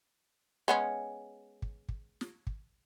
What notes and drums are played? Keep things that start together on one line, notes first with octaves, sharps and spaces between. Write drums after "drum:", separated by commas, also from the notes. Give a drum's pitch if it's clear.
G#3 B3 C#4
drum: kick
drum: kick
drum: snare
drum: kick